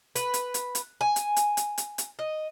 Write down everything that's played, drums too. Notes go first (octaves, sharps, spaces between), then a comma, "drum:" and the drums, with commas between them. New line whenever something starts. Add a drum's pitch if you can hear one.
B4, drum: hi-hat
drum: hi-hat
drum: hi-hat
drum: hi-hat
G#5
drum: hi-hat
drum: hi-hat
drum: hi-hat
drum: hi-hat
drum: hi-hat
D#5